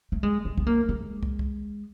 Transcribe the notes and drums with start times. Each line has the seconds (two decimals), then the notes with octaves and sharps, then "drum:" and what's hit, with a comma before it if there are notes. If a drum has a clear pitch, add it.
0.12 A3
0.23 G#3
0.45 A3
0.58 B3, drum: kick
0.67 A#3
0.89 G#3
1.23 drum: kick
1.39 drum: kick